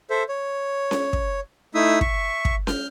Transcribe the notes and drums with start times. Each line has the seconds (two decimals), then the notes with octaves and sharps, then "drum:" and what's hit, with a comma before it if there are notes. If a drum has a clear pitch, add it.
0.10 A4 C5 E5
0.29 C#5
0.91 drum: snare C#4
1.13 drum: kick
1.75 A3 D#4 E4 E5 D#6 E6
2.01 E5 C#6, drum: kick
2.45 drum: kick
2.67 F6 G6, drum: snare C#4